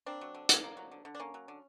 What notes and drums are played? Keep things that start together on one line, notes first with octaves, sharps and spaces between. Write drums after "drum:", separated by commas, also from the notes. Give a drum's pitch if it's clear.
A#3 C4 D4
F#3
D3
D3, drum: hi-hat
A#3
F#3
D3
D3
D4
A#3 C#4
F#3
D3